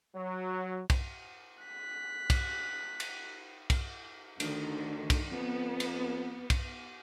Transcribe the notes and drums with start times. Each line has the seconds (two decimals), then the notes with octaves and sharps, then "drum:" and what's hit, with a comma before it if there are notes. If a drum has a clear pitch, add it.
0.15 F#3
0.90 drum: kick, cymbal
1.63 F#6 B6
2.30 drum: kick, cymbal
3.00 drum: cymbal
3.70 drum: kick, cymbal
4.40 D2 D3 D#3, drum: cymbal
5.10 drum: kick, cymbal
5.31 F2 B3
5.80 drum: cymbal
6.50 drum: kick, cymbal